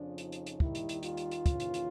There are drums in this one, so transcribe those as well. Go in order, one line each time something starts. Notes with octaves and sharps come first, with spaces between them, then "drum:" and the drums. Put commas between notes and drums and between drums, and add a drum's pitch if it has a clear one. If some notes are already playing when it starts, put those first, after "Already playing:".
Already playing: F2 C#3 F3 D4
D#4, drum: hi-hat
drum: hi-hat
drum: hi-hat
D#2 D#3 G3 E4, drum: kick
drum: hi-hat
drum: hi-hat
F4, drum: hi-hat
drum: hi-hat
drum: hi-hat
D#2 C#3 E3, drum: kick, hi-hat
drum: hi-hat
drum: hi-hat